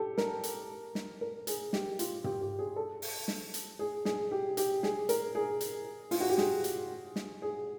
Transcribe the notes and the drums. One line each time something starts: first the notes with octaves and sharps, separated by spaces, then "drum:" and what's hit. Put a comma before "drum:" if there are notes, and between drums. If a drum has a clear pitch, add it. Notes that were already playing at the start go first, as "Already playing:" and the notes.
Already playing: G4 A4
A#4, drum: snare
drum: hi-hat
drum: snare
A#4
G#4, drum: hi-hat
G4, drum: snare
F4, drum: hi-hat
G4, drum: tom
G4
G#4
A4
drum: open hi-hat
drum: snare
drum: hi-hat
G#4
G#4, drum: snare
G4
G4, drum: hi-hat
G#4, drum: snare
A#4, drum: hi-hat
G#4
drum: hi-hat
F4, drum: open hi-hat
F#4
G4
G#4, drum: snare
drum: hi-hat
drum: snare
G#4